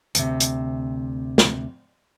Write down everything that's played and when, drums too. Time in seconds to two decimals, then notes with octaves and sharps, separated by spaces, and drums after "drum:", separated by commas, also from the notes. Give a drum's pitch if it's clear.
0.15 D2 C3, drum: hi-hat
0.40 drum: hi-hat
1.38 drum: snare